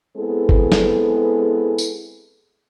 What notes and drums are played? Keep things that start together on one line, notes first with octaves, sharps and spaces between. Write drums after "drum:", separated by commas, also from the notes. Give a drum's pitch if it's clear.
G#3 B3 C4 E4 G#4 A4
drum: kick G1
drum: snare
drum: tambourine